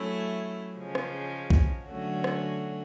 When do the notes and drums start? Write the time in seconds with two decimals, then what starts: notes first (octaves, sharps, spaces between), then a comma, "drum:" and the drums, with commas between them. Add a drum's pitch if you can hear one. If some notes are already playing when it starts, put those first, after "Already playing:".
Already playing: F#3 A3 C#4 E4
0.77 C#3 F3 G#3 C#4
0.95 drum: rim click
1.50 drum: kick B1
1.87 D3 F#3 A3 C#4 F#4
2.24 drum: rim click